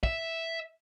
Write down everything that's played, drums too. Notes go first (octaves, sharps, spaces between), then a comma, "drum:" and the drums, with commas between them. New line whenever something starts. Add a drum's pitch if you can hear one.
E5, drum: kick